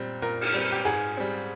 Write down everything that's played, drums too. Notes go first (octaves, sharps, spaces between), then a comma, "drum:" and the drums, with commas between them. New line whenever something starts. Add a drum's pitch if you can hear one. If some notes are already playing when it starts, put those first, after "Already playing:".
Already playing: A#2 G3 C4
A#2 A#4
drum: cymbal
G3 C4
G4
G#2 G#4
G3 C4